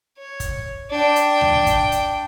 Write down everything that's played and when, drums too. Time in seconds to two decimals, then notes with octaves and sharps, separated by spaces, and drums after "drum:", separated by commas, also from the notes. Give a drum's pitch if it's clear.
0.18 C#5
0.40 drum: kick, hi-hat
0.90 D4 G5
1.16 drum: hi-hat
1.41 drum: tom D2
1.66 drum: kick, hi-hat
1.92 drum: hi-hat